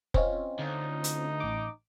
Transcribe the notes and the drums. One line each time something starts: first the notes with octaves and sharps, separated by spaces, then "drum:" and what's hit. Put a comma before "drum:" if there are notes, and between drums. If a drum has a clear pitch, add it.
C4 C#4 F4 C5 D#5, drum: kick
D2 D#4
drum: hi-hat
A1 D6